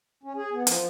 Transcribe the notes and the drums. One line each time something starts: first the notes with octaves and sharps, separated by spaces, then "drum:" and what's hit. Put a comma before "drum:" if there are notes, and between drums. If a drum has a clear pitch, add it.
C#4
G#4
B3
F3, drum: hi-hat